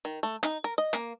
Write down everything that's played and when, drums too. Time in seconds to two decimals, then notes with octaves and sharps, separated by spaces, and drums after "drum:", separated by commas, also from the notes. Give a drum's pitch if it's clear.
0.05 D#3
0.23 A3
0.43 D#4, drum: hi-hat
0.64 A#4
0.78 D#5
0.93 A#3, drum: hi-hat